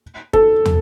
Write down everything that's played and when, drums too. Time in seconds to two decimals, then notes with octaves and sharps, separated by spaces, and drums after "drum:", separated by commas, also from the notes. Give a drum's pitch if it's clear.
0.33 A4, drum: kick
0.65 drum: tom